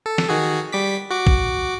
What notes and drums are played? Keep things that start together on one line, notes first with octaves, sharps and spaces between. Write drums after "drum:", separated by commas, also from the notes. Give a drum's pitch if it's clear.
A4
drum: snare
D#3 F#4 G#4
G3 D6 B6
F#4 D6
drum: kick